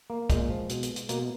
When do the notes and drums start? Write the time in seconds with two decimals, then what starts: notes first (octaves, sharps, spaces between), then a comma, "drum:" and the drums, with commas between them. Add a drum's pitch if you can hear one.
0.10 A#3
0.30 A#2 G#3, drum: kick, hi-hat
0.50 F3
0.70 B2, drum: hi-hat
0.83 drum: hi-hat
0.96 drum: hi-hat
1.09 B2 A#3, drum: hi-hat